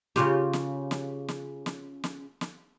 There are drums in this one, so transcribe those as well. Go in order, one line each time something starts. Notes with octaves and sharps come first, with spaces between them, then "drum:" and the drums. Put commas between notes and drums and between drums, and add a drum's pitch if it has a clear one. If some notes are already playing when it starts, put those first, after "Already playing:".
C#3 F4 G4, drum: snare
drum: snare
drum: snare
drum: snare
drum: snare
drum: snare
drum: snare